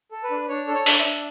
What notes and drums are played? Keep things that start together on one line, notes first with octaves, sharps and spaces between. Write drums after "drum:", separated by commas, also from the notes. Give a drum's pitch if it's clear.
A4
B4
D4
D4 C#5
A4
C#5
D4, drum: open hi-hat
D5
E5
D4